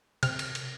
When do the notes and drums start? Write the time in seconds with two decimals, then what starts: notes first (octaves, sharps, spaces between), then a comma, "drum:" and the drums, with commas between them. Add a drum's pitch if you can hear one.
0.23 C3 F6, drum: cymbal
0.39 drum: cymbal
0.55 drum: cymbal